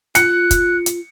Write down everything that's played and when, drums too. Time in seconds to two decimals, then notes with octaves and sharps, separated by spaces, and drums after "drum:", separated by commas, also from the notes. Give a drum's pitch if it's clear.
0.15 F4 F#6 C#7, drum: hi-hat
0.51 drum: kick, hi-hat
0.86 drum: hi-hat